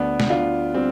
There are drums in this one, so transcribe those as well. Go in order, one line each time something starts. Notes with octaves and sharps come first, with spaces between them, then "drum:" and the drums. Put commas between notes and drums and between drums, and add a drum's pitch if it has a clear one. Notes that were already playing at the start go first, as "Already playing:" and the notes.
Already playing: D2 B3 D4
drum: snare
D2 D4 F4
G3 C4